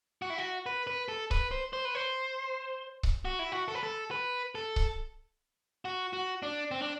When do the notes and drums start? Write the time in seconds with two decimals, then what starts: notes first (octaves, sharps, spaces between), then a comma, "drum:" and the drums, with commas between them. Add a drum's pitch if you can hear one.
0.22 F#4
0.30 E4
0.38 F#4
0.66 B4
0.87 B4
1.08 A4
1.31 B4, drum: kick C#1
1.51 C5
1.73 C5
1.85 B4
1.95 C5
3.03 drum: kick C#1
3.25 F#4
3.39 E4
3.52 F#4
3.68 A4
3.75 B4
3.83 A4
4.11 B4
4.55 A4
4.76 drum: kick C#1
5.85 F#4
6.13 F#4
6.43 D4
6.71 C4
6.82 D4